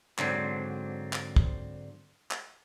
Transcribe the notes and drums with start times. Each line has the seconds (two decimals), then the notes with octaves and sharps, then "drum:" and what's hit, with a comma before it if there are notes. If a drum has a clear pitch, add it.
0.18 G#2 D3 F#3 C4 D4, drum: clap
1.13 drum: clap
1.36 drum: kick
2.31 drum: clap